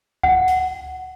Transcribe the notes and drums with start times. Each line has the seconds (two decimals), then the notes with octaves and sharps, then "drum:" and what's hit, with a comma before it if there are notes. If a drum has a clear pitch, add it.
0.23 F#5, drum: kick C#2
0.48 drum: hi-hat